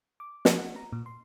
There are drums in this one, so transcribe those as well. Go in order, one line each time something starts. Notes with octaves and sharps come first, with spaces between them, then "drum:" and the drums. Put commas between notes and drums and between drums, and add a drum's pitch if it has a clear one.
D6
F3, drum: snare
F#5
A#5
A#2
C6